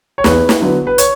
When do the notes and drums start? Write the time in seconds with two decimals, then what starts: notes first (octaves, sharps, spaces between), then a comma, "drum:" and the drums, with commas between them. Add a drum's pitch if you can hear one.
0.18 C#5
0.24 E2 B4, drum: snare
0.49 drum: snare
0.61 D3 F#3 B3 E4
0.87 B4
0.98 C#5, drum: hi-hat